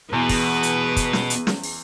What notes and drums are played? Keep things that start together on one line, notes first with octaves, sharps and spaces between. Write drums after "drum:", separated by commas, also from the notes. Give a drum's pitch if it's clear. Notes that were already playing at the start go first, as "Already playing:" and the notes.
E2 B2 E3 G#4 B4
drum: kick, open hi-hat
drum: hi-hat
drum: kick, hi-hat
drum: snare
drum: hi-hat
drum: snare
drum: open hi-hat